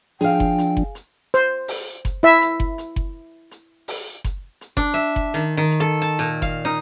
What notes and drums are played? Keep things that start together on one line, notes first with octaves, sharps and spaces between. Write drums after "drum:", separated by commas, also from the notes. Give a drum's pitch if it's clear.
F3 D4 G#4 F5 G5, drum: hi-hat
drum: kick F#1
drum: hi-hat
drum: kick F#1
drum: hi-hat
C5, drum: hi-hat
drum: open hi-hat
drum: kick F#1, hi-hat
E4 E5
drum: hi-hat
drum: kick F#1
drum: hi-hat
drum: kick F#1
drum: hi-hat
drum: open hi-hat
drum: kick F#1, hi-hat
drum: hi-hat
D4, drum: kick F#1
E5
drum: kick F#1
D#3, drum: hi-hat
D#3
drum: hi-hat
A4
A5
A#2
F5, drum: kick F#1, hi-hat
D#4